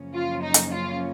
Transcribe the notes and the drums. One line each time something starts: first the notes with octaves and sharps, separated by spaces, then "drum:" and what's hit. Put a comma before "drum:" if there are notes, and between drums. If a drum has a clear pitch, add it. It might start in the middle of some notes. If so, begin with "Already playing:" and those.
Already playing: F#2 C#3 F3 A#3 C#4
F4
D#4
drum: hi-hat
F4